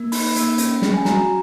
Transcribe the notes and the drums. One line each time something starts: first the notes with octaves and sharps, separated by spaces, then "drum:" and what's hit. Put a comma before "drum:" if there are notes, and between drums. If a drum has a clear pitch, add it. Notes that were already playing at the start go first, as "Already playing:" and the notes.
Already playing: A#3
D#4 B5, drum: open hi-hat
A#3, drum: hi-hat
C#4, drum: hi-hat
G#4, drum: snare
G#5
F#4 A#5, drum: snare